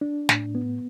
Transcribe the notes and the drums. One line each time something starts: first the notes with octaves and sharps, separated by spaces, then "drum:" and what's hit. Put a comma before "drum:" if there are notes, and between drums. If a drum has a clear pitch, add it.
D4
A2, drum: snare
B3